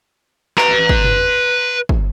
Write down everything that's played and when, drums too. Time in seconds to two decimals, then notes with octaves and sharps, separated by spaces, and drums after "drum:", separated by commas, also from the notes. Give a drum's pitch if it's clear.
0.58 B4 A#5, drum: clap
0.89 drum: kick
1.04 drum: tom
1.89 drum: kick